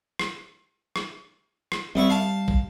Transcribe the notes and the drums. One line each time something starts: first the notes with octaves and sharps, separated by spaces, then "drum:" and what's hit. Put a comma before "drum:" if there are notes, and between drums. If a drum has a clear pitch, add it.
drum: rim click
drum: rim click
drum: rim click
C2 G3 E4 C#6
F5 A5
drum: kick